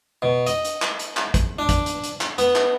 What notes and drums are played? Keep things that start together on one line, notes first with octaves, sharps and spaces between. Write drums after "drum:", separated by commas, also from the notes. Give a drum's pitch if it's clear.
B2
D#5, drum: hi-hat
drum: hi-hat
drum: clap
drum: hi-hat
drum: clap
drum: kick, hi-hat
D4
drum: kick, hi-hat
drum: hi-hat
drum: hi-hat
drum: clap
B3, drum: hi-hat
drum: clap